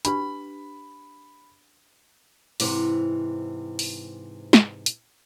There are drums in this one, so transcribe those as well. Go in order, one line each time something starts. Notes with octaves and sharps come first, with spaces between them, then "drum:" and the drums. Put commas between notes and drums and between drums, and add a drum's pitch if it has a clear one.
D4 G4 B4 B5, drum: hi-hat
G#2 C3 E3, drum: open hi-hat
drum: open hi-hat
drum: snare
drum: hi-hat